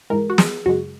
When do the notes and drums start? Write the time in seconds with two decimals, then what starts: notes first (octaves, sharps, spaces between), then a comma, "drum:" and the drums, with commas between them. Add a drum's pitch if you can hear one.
0.10 G#2 E3 G#3 A#4
0.30 F#4
0.38 G#4, drum: snare
0.66 F#2 C#3 G#3 F#4